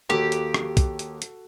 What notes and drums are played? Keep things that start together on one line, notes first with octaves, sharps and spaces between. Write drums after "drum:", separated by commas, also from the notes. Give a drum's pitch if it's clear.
D#2 F#4 G4 A4
drum: hi-hat
drum: rim click
drum: kick, hi-hat
drum: hi-hat
drum: hi-hat